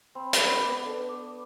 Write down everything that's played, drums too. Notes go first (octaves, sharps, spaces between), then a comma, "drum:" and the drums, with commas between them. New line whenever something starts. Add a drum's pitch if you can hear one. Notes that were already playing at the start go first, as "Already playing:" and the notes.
C4 B5
C4, drum: hi-hat
B5
B3
D6
B3
D4 A4
D6